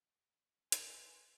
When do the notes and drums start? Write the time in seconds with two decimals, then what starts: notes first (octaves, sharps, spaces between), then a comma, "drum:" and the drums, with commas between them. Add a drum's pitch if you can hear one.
0.72 B4 G#5 C6, drum: hi-hat